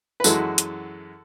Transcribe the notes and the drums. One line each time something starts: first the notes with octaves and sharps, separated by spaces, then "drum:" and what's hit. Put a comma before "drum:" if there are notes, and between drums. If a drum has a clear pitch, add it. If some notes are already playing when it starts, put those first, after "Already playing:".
B4
F#2 E3 G#3 F#4 A4, drum: tambourine
drum: hi-hat